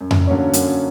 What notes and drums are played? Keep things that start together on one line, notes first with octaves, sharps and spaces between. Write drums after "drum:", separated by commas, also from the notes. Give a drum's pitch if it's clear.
F#2
drum: tom F2
D3 F#3 A#3 C#4
F#2, drum: hi-hat